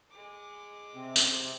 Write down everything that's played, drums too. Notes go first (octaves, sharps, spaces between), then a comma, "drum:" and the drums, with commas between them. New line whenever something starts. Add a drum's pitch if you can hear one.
G#3 D6
C3 C4
drum: tambourine